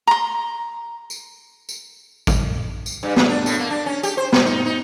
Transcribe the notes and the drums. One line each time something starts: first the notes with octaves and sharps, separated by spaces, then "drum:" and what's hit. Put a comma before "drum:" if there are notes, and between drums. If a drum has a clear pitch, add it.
A#5 C6
drum: tambourine
drum: tambourine
drum: kick, tambourine
drum: tambourine
G2
E2, drum: snare
D4
A2, drum: tambourine
A#3
D4
C#4
G4, drum: tambourine
C5
B2, drum: snare
D#4
D#4